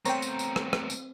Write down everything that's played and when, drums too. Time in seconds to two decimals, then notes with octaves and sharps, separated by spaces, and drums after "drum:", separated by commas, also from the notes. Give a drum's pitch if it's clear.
0.05 A3 B3 C4 C#5 G5 A#5, drum: tambourine
0.22 drum: tambourine
0.39 drum: tambourine
0.56 drum: rim click
0.73 drum: rim click
0.90 drum: tambourine